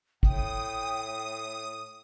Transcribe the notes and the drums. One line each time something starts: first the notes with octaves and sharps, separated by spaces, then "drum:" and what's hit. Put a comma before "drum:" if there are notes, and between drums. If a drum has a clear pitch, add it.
A2 G5 D#6, drum: kick G#1